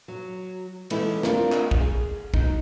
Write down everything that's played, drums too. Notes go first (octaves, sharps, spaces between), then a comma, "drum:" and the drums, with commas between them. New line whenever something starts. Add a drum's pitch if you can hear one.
F#3
E3 G#3 C#4 D#4 E4 A4, drum: cymbal
C4 D4 F4 A#4, drum: snare
drum: clap
drum: kick
G#4
F#3 D#4, drum: kick